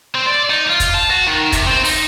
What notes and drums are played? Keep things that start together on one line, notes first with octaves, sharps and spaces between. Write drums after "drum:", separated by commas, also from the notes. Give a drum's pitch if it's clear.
C4
D5
D#4
F4
drum: kick, hi-hat
A5
F#4
D#3
C3, drum: kick, hi-hat
C4
D#4, drum: open hi-hat